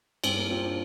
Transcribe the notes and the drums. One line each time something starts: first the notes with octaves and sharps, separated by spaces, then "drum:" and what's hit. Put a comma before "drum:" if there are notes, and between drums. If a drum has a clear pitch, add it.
G2 C4, drum: cymbal
A#3
C4 F4
D4